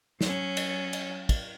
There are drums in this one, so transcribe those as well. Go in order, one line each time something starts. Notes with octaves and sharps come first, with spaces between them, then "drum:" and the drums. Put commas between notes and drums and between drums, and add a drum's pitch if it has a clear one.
F#3 C#4, drum: snare
drum: cymbal
drum: cymbal
drum: kick, cymbal